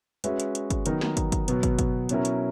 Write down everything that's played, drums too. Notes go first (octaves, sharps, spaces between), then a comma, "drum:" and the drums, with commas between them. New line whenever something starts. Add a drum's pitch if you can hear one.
G#3 C#4 F#4 B4 E5, drum: hi-hat
drum: hi-hat
drum: hi-hat
drum: kick, hi-hat
D#3 F#3 B3 D#4 A#4, drum: hi-hat
drum: snare
drum: kick, hi-hat
drum: kick, hi-hat
B2 F#3 B3, drum: hi-hat
drum: kick, hi-hat
drum: kick, hi-hat
B2 F#3 C#4 E4 A#4, drum: hi-hat
drum: hi-hat